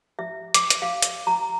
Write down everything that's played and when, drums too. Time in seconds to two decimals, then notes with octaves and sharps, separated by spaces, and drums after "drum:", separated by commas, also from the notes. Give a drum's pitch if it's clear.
0.19 E5
0.54 D6, drum: hi-hat
0.70 drum: hi-hat
0.82 F5
1.02 drum: hi-hat
1.27 A#5